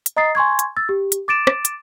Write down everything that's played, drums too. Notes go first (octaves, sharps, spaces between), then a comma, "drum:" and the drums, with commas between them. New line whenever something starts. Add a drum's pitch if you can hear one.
drum: hi-hat
D#5 A#5 D#6 A6 C7
G#5 C6 C#6 G#6
drum: hi-hat
E6 A6
G4
drum: hi-hat
D6 A6 D7 E7
drum: rim click
drum: hi-hat